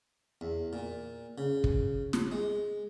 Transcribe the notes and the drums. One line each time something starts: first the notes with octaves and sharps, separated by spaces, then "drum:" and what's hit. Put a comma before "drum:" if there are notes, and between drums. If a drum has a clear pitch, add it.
E2
A#2
C#3
drum: kick
drum: snare
G#3